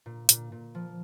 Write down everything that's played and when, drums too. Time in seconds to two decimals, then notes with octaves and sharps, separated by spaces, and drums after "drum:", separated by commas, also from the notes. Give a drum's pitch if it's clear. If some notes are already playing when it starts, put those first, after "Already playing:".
0.06 A#2
0.29 A#2, drum: hi-hat
0.52 A#2
0.75 F3